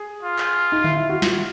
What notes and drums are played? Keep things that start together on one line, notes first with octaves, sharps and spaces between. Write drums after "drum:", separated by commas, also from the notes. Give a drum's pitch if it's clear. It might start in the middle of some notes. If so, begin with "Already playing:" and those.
Already playing: G#4
F4
drum: clap
D#4
E4, drum: tom D3
E4
F#4
F4, drum: snare